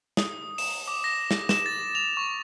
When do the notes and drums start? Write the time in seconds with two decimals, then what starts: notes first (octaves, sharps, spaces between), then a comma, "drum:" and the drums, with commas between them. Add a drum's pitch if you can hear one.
0.17 D#6, drum: snare
0.58 E7, drum: open hi-hat
0.88 D6
1.04 A#6
1.31 drum: snare
1.49 E7, drum: snare
1.66 A6
1.95 F7
2.17 C#6